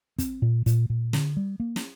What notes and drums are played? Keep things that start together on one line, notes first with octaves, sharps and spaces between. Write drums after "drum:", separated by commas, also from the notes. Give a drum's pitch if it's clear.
C4, drum: kick, hi-hat
A#2
A#2, drum: hi-hat
A#2
D3, drum: snare
G3
A#3
drum: snare